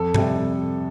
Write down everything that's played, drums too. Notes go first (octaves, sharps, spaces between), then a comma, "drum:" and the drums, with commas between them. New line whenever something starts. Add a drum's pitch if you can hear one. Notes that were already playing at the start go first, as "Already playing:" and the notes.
Already playing: F2 A4
C3 G3, drum: tom G2